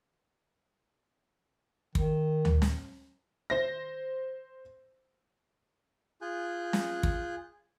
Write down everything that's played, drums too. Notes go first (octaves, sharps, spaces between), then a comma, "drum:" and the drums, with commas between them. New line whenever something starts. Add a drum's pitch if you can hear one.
D#3, drum: kick
drum: tom D2
drum: snare
C5 A#6
F4 G#4 G#5 F#6 G6
drum: snare
drum: kick